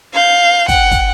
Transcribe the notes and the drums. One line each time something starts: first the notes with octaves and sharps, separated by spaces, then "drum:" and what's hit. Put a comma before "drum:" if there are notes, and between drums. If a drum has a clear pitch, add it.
F5 G6
F#5 G5, drum: kick, hi-hat
drum: kick, hi-hat